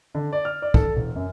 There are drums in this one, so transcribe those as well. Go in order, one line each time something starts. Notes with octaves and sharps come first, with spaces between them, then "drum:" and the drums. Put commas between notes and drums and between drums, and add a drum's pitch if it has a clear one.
D3
D5
F6
D5
A4, drum: kick
E1
F#2